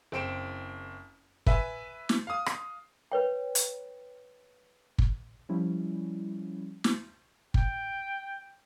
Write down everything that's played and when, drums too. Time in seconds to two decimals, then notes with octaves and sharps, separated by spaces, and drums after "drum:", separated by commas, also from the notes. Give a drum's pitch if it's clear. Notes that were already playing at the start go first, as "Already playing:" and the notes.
0.12 F#1 C4 D7 E7
1.46 B4 E5 G#5, drum: kick
2.09 drum: snare
2.27 F5 D#6
2.46 drum: rim click
3.12 B4 C#5 G5
3.55 drum: hi-hat
4.98 drum: kick
5.49 F3 G3 C#4 E4
6.84 drum: snare
7.54 G5, drum: kick